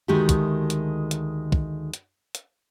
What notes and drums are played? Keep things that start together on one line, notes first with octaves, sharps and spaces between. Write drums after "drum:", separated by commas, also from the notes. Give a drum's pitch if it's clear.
D2 D#3 G#3 A3 F#4 G4
drum: kick, hi-hat
drum: hi-hat
drum: hi-hat
drum: kick
drum: hi-hat
drum: hi-hat